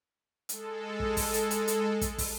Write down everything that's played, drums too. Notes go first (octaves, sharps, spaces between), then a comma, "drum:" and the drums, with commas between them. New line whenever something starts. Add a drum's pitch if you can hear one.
G#3 A4, drum: hi-hat
drum: kick
drum: kick, open hi-hat
drum: hi-hat
drum: hi-hat
drum: hi-hat
drum: kick, hi-hat
drum: kick, open hi-hat